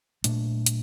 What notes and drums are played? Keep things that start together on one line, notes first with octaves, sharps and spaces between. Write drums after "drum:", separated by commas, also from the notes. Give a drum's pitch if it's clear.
A#2 F#3 A3 D4, drum: hi-hat
drum: hi-hat